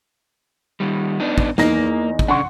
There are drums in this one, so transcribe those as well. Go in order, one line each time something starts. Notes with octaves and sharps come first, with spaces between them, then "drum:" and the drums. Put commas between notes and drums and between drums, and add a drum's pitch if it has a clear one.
D#3 G3
B3 D4 D#4
drum: kick
E2 A#3 D#4 A#6, drum: snare
drum: kick
C#3 D4 F#5 C6 C#6